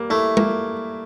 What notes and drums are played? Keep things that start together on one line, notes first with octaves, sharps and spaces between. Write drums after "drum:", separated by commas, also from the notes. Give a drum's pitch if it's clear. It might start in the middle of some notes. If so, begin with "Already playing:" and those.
Already playing: G3 A#3
A3 E4
A#3, drum: tom G#3